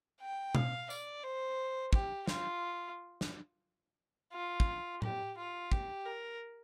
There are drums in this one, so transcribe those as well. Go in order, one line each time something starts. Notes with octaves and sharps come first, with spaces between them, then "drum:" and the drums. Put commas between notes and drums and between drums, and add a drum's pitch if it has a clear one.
G5
F5, drum: tom B2
D5, drum: tambourine
C5
G4, drum: kick
F4, drum: snare
drum: snare
F4
drum: kick
G4, drum: tom A2
F4
G4, drum: kick
A#4